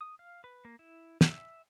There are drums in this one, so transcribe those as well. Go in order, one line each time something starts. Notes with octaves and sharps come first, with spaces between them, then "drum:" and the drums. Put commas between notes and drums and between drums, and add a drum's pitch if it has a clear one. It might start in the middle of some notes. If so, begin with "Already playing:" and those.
D#6
F5
B4
A#3
E4
E5, drum: snare